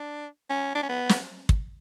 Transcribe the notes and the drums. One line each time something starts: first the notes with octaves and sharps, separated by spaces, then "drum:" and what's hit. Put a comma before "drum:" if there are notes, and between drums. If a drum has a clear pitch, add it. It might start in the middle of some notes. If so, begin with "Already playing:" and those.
Already playing: D4
C#4
D4
C#4
B3
drum: snare
drum: kick